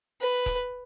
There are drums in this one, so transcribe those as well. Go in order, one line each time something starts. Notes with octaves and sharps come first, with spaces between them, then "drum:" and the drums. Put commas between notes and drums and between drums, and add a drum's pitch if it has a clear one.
B4
drum: kick D#1, hi-hat